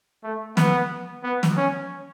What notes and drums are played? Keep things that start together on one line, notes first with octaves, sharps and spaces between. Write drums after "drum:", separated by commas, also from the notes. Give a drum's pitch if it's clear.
A3
B3, drum: snare
B3
drum: snare
C#4